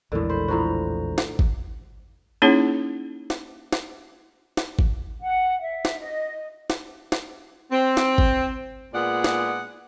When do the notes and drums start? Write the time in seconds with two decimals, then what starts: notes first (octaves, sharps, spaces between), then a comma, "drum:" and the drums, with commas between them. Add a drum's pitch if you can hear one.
0.12 A#1 E2 A2 D3 G#3 A#4
0.30 C5 B5
0.48 A2 F3 F#4 C5 A#5
1.18 drum: snare
1.39 drum: kick G#1
2.42 A#3 C#4 D#4 E4 G#4 C#5
3.30 drum: snare
3.72 drum: snare
4.57 drum: snare
4.79 drum: kick G#1
5.21 F#5
5.60 E5
5.85 drum: snare
5.99 D#5
6.70 drum: snare
7.12 drum: snare
7.71 C4
7.97 drum: snare
8.18 drum: kick G#1
8.94 A#2 G#3 B3 G#4 D5 F#5
9.24 drum: snare